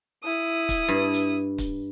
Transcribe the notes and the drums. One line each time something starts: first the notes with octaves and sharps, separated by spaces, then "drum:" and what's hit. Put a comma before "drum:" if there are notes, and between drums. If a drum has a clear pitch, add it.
E4 D#6
drum: kick, hi-hat
G2
drum: hi-hat
drum: kick, hi-hat